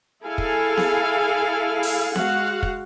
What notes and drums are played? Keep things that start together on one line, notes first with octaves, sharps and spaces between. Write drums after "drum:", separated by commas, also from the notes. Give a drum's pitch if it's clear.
E4 G#4 A4 F5 G#5
drum: kick
drum: snare B3
drum: open hi-hat
G#3 F#4 F5 F#5, drum: snare B3
drum: kick